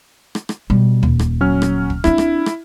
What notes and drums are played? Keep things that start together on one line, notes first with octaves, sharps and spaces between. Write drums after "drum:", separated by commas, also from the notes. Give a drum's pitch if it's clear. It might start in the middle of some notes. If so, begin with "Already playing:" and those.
drum: rim click
drum: rim click
B2 G3
D#1, drum: kick
drum: rim click
F#3 C#4 F6
drum: rim click
drum: kick
C4 D4 E4, drum: rim click
drum: rim click
drum: rim click